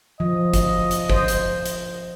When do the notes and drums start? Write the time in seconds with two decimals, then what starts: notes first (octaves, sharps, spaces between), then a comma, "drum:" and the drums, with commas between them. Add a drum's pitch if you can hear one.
0.20 F3 D#5
0.54 drum: kick, hi-hat
0.91 drum: hi-hat
1.10 C5, drum: kick
1.28 drum: hi-hat
1.66 drum: hi-hat